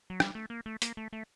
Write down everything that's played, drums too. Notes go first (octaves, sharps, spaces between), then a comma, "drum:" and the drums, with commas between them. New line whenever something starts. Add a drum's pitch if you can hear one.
F#3
G3, drum: rim click
A3
A#3
A3
A#3, drum: hi-hat
A3
A3